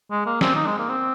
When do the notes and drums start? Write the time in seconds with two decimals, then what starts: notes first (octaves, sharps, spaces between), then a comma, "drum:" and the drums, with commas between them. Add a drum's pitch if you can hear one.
0.11 G#3
0.26 A#3
0.41 C4, drum: snare
0.56 D#4
0.66 G#3
0.78 A#3
0.89 C4